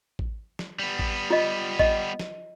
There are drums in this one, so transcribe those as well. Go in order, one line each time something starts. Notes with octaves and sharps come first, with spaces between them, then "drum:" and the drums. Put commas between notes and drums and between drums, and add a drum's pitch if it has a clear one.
drum: kick A1
drum: snare
G3 B3
drum: kick A1
F4 D#5
D#5, drum: kick A1
drum: snare